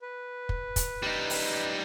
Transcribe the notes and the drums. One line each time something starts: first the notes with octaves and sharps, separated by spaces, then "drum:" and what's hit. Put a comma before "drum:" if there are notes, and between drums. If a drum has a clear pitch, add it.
B4
drum: kick
drum: kick, hi-hat
G3 D#4
drum: open hi-hat